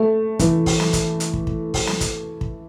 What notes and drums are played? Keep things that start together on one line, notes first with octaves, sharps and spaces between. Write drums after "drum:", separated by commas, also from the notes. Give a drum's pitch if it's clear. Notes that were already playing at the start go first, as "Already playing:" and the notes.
Already playing: A3
E3, drum: kick, hi-hat
drum: kick, open hi-hat
drum: snare
drum: kick, hi-hat
drum: hi-hat
drum: kick
drum: kick
drum: kick, open hi-hat
drum: snare
drum: kick, hi-hat
drum: kick